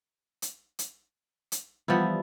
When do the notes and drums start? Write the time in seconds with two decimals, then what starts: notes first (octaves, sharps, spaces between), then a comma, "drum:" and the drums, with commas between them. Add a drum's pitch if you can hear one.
0.42 drum: hi-hat
0.79 drum: hi-hat
1.52 drum: hi-hat
1.88 E3 F3 G3 B3 E4